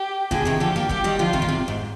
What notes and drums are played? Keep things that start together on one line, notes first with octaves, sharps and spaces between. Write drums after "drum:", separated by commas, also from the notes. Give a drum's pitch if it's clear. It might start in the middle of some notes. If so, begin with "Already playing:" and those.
Already playing: G4
A#2 D3 G#4, drum: kick
C3 D#3
D3 F3 G4
G3 A#3
G3 A#3 G4, drum: kick
D#3 G3
D3 F3 F4
C3 D#3, drum: kick
A#2
C3
G#2